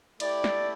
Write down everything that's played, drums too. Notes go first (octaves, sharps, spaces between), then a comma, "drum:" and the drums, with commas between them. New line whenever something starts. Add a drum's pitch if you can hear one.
A3 E4 G4 D5, drum: cymbal
drum: snare